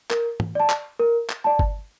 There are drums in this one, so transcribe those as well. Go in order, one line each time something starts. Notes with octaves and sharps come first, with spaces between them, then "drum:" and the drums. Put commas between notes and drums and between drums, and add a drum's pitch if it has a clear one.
A#4, drum: clap
drum: tom
D5 A5
drum: clap
A#4
drum: clap
D5 A5
drum: kick G1